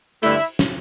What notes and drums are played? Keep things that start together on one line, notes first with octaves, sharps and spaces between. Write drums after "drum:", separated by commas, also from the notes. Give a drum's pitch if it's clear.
G2 D3 A3 E4, drum: cymbal
drum: snare